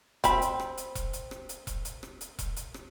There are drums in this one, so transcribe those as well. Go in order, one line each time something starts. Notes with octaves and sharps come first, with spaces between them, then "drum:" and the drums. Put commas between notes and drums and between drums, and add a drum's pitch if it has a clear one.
C4 B5, drum: kick E1, hi-hat
drum: hi-hat
drum: rim click
drum: hi-hat
drum: kick E1, hi-hat
drum: hi-hat
drum: rim click
drum: hi-hat
drum: kick E1, hi-hat
drum: hi-hat
drum: rim click
drum: hi-hat
drum: kick E1, hi-hat
drum: hi-hat
drum: rim click